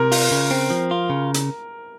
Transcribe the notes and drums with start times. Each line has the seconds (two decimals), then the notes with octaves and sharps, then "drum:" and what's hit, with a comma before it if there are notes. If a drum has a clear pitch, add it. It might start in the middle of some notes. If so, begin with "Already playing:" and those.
Already playing: C3 A#4
0.12 F4, drum: open hi-hat
0.31 C#3
0.51 C4
0.70 F3
0.91 F4
1.10 C#3
1.34 drum: hi-hat